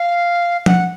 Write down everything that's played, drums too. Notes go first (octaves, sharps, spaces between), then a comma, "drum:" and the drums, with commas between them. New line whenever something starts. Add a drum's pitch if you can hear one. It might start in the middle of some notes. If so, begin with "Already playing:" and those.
Already playing: F5
F#5, drum: tom F3